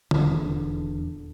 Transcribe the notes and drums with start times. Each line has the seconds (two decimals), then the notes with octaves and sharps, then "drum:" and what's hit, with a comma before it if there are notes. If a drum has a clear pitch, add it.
0.11 D#1 E2 D3, drum: tom